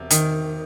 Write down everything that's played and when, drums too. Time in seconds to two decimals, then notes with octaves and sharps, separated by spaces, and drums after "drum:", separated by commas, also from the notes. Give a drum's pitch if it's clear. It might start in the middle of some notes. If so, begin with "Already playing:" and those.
Already playing: E1 C3
0.11 D#3, drum: hi-hat